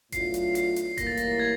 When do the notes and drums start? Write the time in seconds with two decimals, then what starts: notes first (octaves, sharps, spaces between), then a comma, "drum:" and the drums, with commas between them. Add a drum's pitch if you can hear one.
0.12 A2 F#3 B3 D4 F4 C7, drum: kick F#1, hi-hat
0.34 drum: hi-hat
0.55 C7, drum: hi-hat
0.76 drum: hi-hat
0.98 A2 E3 G3 A#3 A#6, drum: kick F#1, hi-hat
1.07 A6
1.17 A#6, drum: hi-hat
1.40 G#6